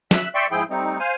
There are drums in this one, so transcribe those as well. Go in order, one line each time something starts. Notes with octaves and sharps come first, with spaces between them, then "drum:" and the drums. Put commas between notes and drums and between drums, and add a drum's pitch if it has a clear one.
E5 F#6, drum: snare
D5 E5 G5 C6 C#6
G#2 F3 E4 G#4 G5
G3 A3 C4 D#4
C5 F5 G#5